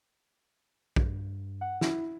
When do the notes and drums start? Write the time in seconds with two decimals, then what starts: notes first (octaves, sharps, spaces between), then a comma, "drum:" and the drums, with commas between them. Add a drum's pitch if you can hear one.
0.96 G2, drum: kick B1
1.61 F#5
1.81 E4, drum: snare